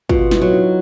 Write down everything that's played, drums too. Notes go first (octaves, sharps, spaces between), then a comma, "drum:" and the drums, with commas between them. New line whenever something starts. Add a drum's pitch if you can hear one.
B2 F4, drum: kick
E4, drum: snare
F#3
D#4